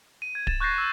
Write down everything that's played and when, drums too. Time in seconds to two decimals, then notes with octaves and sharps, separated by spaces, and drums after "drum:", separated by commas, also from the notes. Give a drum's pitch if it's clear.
0.22 D#7
0.35 G#6
0.47 A6 E7, drum: kick D1
0.60 C#6 F#6 G6 A6 A#6 C7
0.78 E6